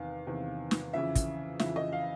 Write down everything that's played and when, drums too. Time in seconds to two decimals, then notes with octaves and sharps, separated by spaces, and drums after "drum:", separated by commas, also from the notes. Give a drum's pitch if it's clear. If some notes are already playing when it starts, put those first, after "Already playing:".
Already playing: E2 C3 D#3 F5
0.27 E2 C3 D#3
0.71 drum: snare
0.93 F2 C#3 E3 E5
1.15 drum: kick, hi-hat
1.59 F2 C#3 E3 E5, drum: snare
1.76 D#5
1.93 F5